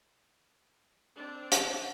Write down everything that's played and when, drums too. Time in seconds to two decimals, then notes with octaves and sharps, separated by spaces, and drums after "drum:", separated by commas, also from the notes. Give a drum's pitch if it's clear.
1.16 C4 D4
1.52 drum: hi-hat